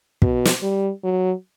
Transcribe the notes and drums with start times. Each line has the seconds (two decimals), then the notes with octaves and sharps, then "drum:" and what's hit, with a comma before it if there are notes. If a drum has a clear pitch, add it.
0.22 B2, drum: kick
0.45 drum: snare
0.62 G3
1.04 F#3